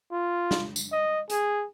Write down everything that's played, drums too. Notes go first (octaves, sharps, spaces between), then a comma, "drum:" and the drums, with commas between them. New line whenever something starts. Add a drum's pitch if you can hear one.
F4
drum: snare
drum: tambourine
D#5
G#4, drum: hi-hat